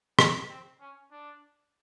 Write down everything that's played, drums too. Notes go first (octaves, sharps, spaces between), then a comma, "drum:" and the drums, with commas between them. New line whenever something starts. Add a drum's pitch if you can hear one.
B3, drum: rim click
C4
C#4
D4